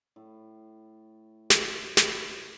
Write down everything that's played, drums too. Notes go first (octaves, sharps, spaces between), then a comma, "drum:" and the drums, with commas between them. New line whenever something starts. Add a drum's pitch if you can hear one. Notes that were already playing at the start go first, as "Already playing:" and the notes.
A2
drum: snare
B5, drum: snare